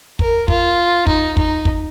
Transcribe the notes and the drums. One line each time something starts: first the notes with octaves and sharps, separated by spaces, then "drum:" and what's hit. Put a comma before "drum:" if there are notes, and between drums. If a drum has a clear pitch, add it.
A#4, drum: kick
F4, drum: kick
D#4, drum: kick
D#4, drum: kick
drum: kick